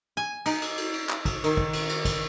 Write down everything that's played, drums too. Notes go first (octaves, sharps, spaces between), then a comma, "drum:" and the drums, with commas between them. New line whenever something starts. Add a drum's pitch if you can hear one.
G#5
D#4, drum: cymbal
drum: cymbal
drum: cymbal
drum: cymbal
drum: clap
drum: kick, cymbal
D#3, drum: cymbal
drum: kick
drum: cymbal
drum: cymbal
drum: kick, cymbal